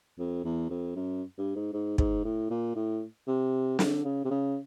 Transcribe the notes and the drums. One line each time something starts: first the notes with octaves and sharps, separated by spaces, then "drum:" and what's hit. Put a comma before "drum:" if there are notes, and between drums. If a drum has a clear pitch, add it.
F2
E2
F2
F#2
G2
G#2
G#2
G#2, drum: kick
A2
A#2
A2
C3
D3, drum: snare
C#3
C3
C#3